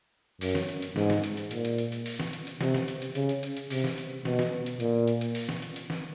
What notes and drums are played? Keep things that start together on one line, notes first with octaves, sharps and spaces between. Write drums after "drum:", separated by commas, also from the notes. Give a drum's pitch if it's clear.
F#2, drum: open hi-hat
drum: snare
drum: hi-hat
drum: hi-hat
G#2, drum: snare
drum: snare
drum: hi-hat
drum: hi-hat
A#2, drum: hi-hat
drum: hi-hat
drum: hi-hat
drum: hi-hat
drum: open hi-hat
drum: snare
drum: hi-hat
drum: hi-hat
C3, drum: snare
drum: snare
drum: hi-hat
drum: hi-hat
C#3, drum: hi-hat
drum: hi-hat
drum: hi-hat
drum: hi-hat
C3, drum: open hi-hat
drum: snare
drum: hi-hat
B2, drum: snare
drum: snare
drum: hi-hat
A#2, drum: hi-hat
drum: hi-hat
drum: hi-hat
drum: open hi-hat
drum: snare
drum: hi-hat
drum: hi-hat
drum: snare